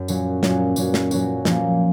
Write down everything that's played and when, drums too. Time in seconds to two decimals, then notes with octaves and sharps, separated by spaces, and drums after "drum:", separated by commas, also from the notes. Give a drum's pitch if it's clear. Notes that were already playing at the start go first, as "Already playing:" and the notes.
Already playing: F#2
0.08 A#2 F#3 C#4 F#4, drum: tambourine
0.43 A#2 F#3 C#4 F#4, drum: snare
0.76 A#2 F#3 C#4 F#4, drum: tambourine
0.94 drum: snare
1.11 A#2 F#3 C#4 F#4, drum: tambourine
1.45 A#2 F3 A#3 C#4, drum: snare